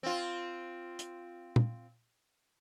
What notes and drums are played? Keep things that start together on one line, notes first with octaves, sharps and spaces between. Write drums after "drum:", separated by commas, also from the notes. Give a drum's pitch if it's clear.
C4 F4
drum: hi-hat
drum: tom A#2